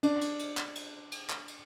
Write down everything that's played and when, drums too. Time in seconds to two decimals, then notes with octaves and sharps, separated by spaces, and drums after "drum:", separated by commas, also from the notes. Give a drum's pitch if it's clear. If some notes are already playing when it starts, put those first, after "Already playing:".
0.03 D4, drum: cymbal
0.21 drum: cymbal
0.39 drum: cymbal
0.57 drum: clap
0.75 drum: cymbal
1.12 drum: cymbal
1.30 drum: clap
1.48 drum: cymbal